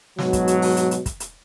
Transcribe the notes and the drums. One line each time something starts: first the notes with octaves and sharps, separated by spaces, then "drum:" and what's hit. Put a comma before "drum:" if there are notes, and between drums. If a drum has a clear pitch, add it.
G#2 B2 F#3, drum: snare
drum: kick, hi-hat
drum: hi-hat
drum: open hi-hat
drum: hi-hat
drum: hi-hat
drum: kick, hi-hat
drum: hi-hat